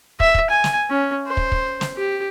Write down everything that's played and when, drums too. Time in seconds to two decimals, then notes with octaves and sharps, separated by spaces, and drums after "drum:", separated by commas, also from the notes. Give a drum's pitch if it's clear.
0.20 E5, drum: kick
0.35 drum: kick
0.50 G#5
0.64 drum: snare
0.90 C#4
1.27 C5
1.37 drum: kick
1.52 drum: kick
1.81 drum: snare
1.97 G4